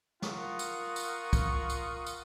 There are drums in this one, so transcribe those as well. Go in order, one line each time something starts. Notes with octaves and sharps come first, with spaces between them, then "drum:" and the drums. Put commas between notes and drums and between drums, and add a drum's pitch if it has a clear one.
F4 A#4 F#5 C#6 D#6, drum: snare
drum: tambourine
drum: tambourine
drum: kick, tambourine
drum: tambourine
drum: tambourine